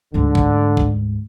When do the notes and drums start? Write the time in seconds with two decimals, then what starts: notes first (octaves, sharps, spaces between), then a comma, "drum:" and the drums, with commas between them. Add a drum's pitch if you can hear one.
0.14 D2 G#2 D3
0.35 drum: kick
0.77 drum: kick